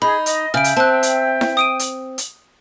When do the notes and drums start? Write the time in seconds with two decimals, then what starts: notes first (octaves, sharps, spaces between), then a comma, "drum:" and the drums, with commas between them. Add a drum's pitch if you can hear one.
0.02 D#4 G#4 B5
0.26 D#5, drum: hi-hat
0.54 C#3 E5 G5 F6 D7
0.64 drum: hi-hat
0.77 C4 A5 F#6
1.03 drum: hi-hat
1.41 drum: snare E4
1.57 D#6 D7 D#7
1.79 drum: hi-hat
2.18 drum: hi-hat